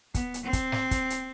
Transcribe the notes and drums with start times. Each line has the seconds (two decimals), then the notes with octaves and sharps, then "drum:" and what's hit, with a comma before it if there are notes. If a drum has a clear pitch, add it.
0.15 B3, drum: kick, hi-hat
0.34 drum: hi-hat
0.44 C4
0.53 drum: kick, hi-hat
0.72 drum: snare
0.91 drum: kick, hi-hat
1.10 drum: hi-hat